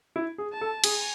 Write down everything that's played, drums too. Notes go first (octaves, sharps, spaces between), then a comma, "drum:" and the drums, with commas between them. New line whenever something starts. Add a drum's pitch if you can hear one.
E4
G#4
A5
A4
G#4 G#5, drum: cymbal